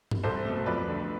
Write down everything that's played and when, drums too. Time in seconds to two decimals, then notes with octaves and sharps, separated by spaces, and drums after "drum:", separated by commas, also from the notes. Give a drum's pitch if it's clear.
0.11 drum: tom G2
0.23 C2 A4 C5
0.45 B2 A3
0.66 F2 B4 D5
0.88 D3 A3